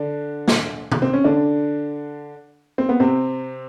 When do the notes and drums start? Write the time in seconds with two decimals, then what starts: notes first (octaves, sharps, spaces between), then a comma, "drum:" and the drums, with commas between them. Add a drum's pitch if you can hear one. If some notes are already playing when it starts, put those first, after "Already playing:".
Already playing: D3 D4
0.48 drum: snare
0.92 drum: tom C3
1.02 C4
1.13 C#4
1.24 D3 D4
2.78 C4
2.89 B3
3.00 C3 C4